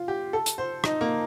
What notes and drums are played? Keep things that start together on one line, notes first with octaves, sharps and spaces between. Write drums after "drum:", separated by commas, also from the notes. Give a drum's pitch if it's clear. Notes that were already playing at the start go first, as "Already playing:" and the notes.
Already playing: F4
G4
A4
drum: hi-hat
C5
D#4, drum: rim click
A#3